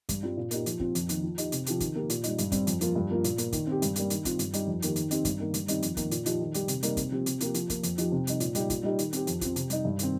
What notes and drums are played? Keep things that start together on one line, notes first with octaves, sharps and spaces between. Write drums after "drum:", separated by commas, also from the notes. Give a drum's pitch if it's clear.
G2, drum: kick, hi-hat
G3 C4 F4
A#2
A#3 D#4 G4, drum: hi-hat
F3, drum: hi-hat
C4 F4, drum: kick
F2, drum: hi-hat
D#3 A#3, drum: hi-hat
F3
D#4 G4, drum: hi-hat
C3, drum: hi-hat
F3 C4 G4, drum: hi-hat
D#3, drum: kick, hi-hat
A#3 G4
A#2, drum: hi-hat
G3 D#4, drum: hi-hat
G2, drum: hi-hat
G3 C4 G4, drum: kick, hi-hat
F2, drum: hi-hat
F3 A#3 F4, drum: hi-hat
G2
F3 A#3 F4
A#2, drum: hi-hat
A#3 F4, drum: hi-hat
D#3, drum: kick, hi-hat
C4 G4
G2, drum: hi-hat
G3 A#3 G4, drum: hi-hat
D#3, drum: hi-hat
C4 F4, drum: kick, hi-hat
G2, drum: hi-hat
G3 D#4 G4, drum: hi-hat
F2
D#3 A#3 G4, drum: hi-hat
D#3, drum: hi-hat
C4 D#4 G4, drum: hi-hat
G2, drum: kick, hi-hat
D#3 A#3
G2, drum: hi-hat
D#3 G3 C4 D#4, drum: hi-hat
F2, drum: hi-hat
D#3 A#3, drum: kick, hi-hat
A#2, drum: hi-hat
F3 D#4 G4, drum: hi-hat
D#3
G3 D#4 G4, drum: hi-hat
C3, drum: hi-hat
G3 A#3 D#4 G4, drum: hi-hat
C3, drum: kick, hi-hat
F3 C4 G4
C3, drum: hi-hat
F3 A#3 G4, drum: hi-hat
F3, drum: hi-hat
A#3 F4, drum: kick, hi-hat
F2, drum: hi-hat
F3 D#4 G4, drum: hi-hat
C3
G3 D#4, drum: hi-hat
A#2, drum: hi-hat
G3 D#4 G4, drum: hi-hat
A#2, drum: kick, hi-hat
G3 D#4 G4
D#3, drum: hi-hat
C4 G4, drum: hi-hat
F2, drum: hi-hat
F3 C4, drum: kick, hi-hat
C3, drum: hi-hat
G3 D#4, drum: hi-hat
G2
D#3 C4, drum: hi-hat